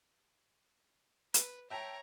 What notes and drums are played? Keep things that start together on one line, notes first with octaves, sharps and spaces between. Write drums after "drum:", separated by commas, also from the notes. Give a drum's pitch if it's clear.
B4, drum: hi-hat
C#5 E5 G5 A5 A#5